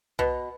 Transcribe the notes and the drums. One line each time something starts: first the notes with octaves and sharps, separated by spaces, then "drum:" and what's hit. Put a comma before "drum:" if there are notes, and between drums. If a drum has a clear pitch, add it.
B2, drum: kick